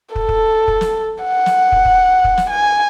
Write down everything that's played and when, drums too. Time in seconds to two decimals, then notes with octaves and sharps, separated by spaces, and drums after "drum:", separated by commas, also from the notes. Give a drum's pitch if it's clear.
0.16 A4, drum: kick
0.29 drum: kick
0.68 drum: kick
0.81 drum: snare
1.24 F#5
1.46 drum: snare
1.72 drum: kick
1.85 drum: kick
2.24 drum: kick
2.37 drum: snare
2.50 G#5